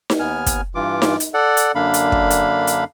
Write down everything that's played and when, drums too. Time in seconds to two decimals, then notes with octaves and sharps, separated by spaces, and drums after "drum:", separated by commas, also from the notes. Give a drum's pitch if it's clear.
0.10 drum: snare D#4
0.19 D#2 B3 G#5 F6
0.46 drum: kick, hi-hat
0.75 G2 E3 F4 D6
1.02 drum: snare D#4
1.20 drum: hi-hat
1.34 A4 D5 F#5
1.57 drum: hi-hat
1.75 F#2 D3 A#3 D4 F5 B5
1.94 drum: hi-hat
2.12 drum: kick
2.30 drum: hi-hat
2.67 drum: hi-hat